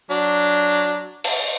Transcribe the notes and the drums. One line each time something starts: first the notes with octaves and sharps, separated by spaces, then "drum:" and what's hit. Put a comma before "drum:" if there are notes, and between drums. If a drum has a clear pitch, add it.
F#3 D4
drum: open hi-hat